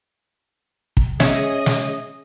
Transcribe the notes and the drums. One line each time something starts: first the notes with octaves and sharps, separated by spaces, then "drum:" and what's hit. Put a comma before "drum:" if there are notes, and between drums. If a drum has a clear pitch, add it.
drum: kick
C#4 G#4 C#5 D#5 E5, drum: snare
drum: snare